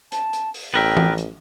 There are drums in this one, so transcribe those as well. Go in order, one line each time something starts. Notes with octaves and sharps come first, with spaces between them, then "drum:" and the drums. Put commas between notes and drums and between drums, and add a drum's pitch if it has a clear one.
A5, drum: hi-hat
drum: hi-hat
drum: open hi-hat
A1 B3 A#4 E5 G5
drum: tom E3
drum: hi-hat